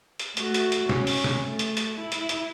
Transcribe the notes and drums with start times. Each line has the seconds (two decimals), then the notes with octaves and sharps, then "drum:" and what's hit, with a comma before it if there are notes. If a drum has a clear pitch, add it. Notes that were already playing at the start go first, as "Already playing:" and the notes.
0.19 drum: hi-hat
0.37 A3 F#4, drum: hi-hat
0.54 drum: hi-hat
0.72 drum: hi-hat
0.89 C#4, drum: snare
1.07 drum: open hi-hat
1.24 drum: snare
1.46 A3
1.59 drum: hi-hat
1.77 drum: hi-hat
2.00 E4
2.12 drum: hi-hat
2.29 drum: hi-hat